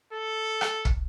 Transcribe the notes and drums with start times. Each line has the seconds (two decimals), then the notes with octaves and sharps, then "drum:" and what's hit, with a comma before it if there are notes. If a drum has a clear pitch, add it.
0.13 A4
0.61 drum: rim click
0.85 drum: kick